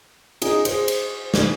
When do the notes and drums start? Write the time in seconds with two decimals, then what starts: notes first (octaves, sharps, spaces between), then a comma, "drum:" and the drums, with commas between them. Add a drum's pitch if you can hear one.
0.42 D#4 G#4, drum: cymbal
0.65 G#4 C5, drum: cymbal
0.88 drum: cymbal
1.34 drum: snare